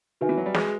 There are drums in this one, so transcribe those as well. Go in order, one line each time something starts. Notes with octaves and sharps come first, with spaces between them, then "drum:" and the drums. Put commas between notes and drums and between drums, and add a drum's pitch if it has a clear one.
D#3 F#4 B4 E5 G#5
E3
F#3
G3
G#3, drum: snare